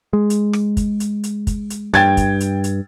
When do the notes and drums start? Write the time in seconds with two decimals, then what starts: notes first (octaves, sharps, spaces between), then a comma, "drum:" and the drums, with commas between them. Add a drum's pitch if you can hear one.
0.13 G#3
0.30 drum: hi-hat
0.53 drum: rim click
0.77 drum: kick, hi-hat
1.00 drum: hi-hat
1.24 drum: hi-hat
1.47 drum: kick, hi-hat
1.70 drum: hi-hat
1.94 G2 G5 G#6 A6, drum: rim click
2.17 drum: kick, hi-hat
2.40 drum: hi-hat
2.64 drum: hi-hat